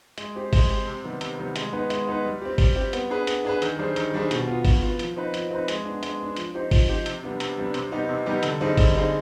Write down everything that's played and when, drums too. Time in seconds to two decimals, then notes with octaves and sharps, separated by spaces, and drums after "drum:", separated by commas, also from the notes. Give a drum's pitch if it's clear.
0.18 G#3, drum: hi-hat
0.35 C4 G4 C5
0.53 G#3, drum: kick G#1, open hi-hat
0.70 C4 G4 C5
0.86 C3
1.04 D#3 G3 B3
1.21 C3, drum: hi-hat
1.39 D#3 G3 B3
1.56 G#3, drum: hi-hat
1.73 B3 D#4 B4
1.90 G#3, drum: hi-hat
2.07 B3 D#4 B4
2.25 G3
2.41 C4 G4
2.58 G3, drum: kick G#1, open hi-hat
2.76 C4 G4
2.93 B3, drum: hi-hat
3.10 D4 G#4 B4
3.27 B3, drum: hi-hat
3.45 D4 G#4 B4
3.62 D#3, drum: hi-hat
3.79 G3 D4 G#4 C5
3.96 D#3, drum: hi-hat
4.14 G3 D4 G#4 C5
4.31 B2, drum: hi-hat
4.47 B3 F4
4.65 B2, drum: kick G#1, open hi-hat
4.83 B3 F4
4.99 F3, drum: hi-hat
5.16 C4 D#4 B4
5.34 F3, drum: hi-hat
5.51 C4 D#4 B4
5.68 G#3, drum: hi-hat
5.85 B3 D4
6.03 G#3, drum: hi-hat
6.20 B3 D4
6.36 F3, drum: hi-hat
6.54 C4 D#4 G4 C5
6.71 F3, drum: kick G#1, open hi-hat
6.88 C4 D#4 G4 C5
7.06 C3, drum: hi-hat
7.23 G3 B3 D4
7.40 C3, drum: hi-hat
7.57 G3 B3 D4
7.74 C3, drum: hi-hat
7.92 G3 B3 D#4 G4
8.09 C3
8.26 G3 B3 D#4 G4
8.43 D3, drum: hi-hat
8.61 G3 C4 D#4 G#4
8.77 D3, drum: kick G#1, open hi-hat
8.95 G3 C4 D#4 G#4